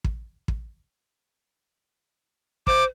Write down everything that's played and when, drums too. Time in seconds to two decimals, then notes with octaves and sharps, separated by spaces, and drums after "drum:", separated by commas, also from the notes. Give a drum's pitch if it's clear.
0.04 drum: kick
0.48 drum: kick
2.67 C5 D6, drum: kick